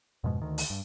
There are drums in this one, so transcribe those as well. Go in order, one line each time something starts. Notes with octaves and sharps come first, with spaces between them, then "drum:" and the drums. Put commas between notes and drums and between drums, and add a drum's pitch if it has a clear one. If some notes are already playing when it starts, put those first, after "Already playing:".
F2 G#2 B2 G#3
D2 D#3
drum: open hi-hat
G2